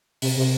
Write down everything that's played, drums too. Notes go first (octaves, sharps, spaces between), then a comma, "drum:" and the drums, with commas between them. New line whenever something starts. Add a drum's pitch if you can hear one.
C3, drum: open hi-hat
C3